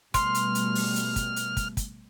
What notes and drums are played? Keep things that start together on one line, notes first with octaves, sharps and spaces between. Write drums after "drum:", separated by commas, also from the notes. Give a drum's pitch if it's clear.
B2 G3 A3 C6 F6, drum: kick, hi-hat
drum: hi-hat
drum: hi-hat
drum: open hi-hat
drum: hi-hat
drum: kick, hi-hat
drum: hi-hat
drum: kick, hi-hat
drum: kick, hi-hat